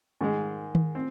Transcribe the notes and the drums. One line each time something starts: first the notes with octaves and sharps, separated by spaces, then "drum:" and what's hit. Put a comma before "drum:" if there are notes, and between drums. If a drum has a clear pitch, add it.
G#2 D#3 G#3
drum: tom D#3
C4